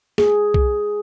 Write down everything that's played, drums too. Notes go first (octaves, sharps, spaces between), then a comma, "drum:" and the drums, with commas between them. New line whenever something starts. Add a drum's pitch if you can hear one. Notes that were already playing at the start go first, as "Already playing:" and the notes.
G#4, drum: snare A#3
drum: kick B1